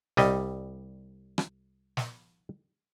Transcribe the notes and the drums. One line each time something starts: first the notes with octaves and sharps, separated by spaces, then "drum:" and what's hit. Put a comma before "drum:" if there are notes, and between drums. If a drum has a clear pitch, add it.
C2 G3 D#5, drum: snare
drum: rim click
drum: snare